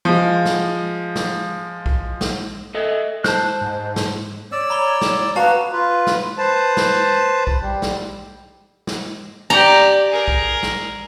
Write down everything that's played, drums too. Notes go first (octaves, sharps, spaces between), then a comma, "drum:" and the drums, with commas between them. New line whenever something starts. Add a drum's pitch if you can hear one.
F3 G#3
drum: snare
drum: snare
drum: kick B1
drum: snare
A4 D#5 E5
C5 A5 F#6, drum: snare
G#2
drum: snare
C#5 D5 E6
A#5 B5 G7
drum: snare
F#4 B4 F5 A5 A#5
F4 B4
drum: snare
B4 C5 A5
drum: snare
drum: kick B1
G3
drum: snare
drum: snare
G4 D5 A#5
G#4 A#4
drum: kick B1
drum: snare